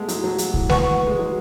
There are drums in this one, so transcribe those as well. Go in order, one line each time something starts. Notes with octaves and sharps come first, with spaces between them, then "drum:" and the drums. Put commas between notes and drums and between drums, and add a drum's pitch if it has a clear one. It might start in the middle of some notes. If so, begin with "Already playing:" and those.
Already playing: G#3 A3 B3
F#3, drum: hi-hat
F#3
F#3, drum: hi-hat
E3, drum: kick
B4 F#5 C#6, drum: snare G#3
G#3
F#3